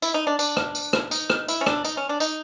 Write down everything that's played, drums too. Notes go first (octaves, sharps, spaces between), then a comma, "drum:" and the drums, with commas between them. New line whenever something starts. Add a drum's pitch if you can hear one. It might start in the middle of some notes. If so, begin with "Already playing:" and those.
E4, drum: tambourine
D#4
D4
D4, drum: tambourine
drum: rim click
drum: tambourine
drum: rim click
D#4, drum: tambourine
drum: rim click
E4, drum: tambourine
C#4
D4, drum: rim click
D#4, drum: tambourine
C#4
D4
D#4, drum: tambourine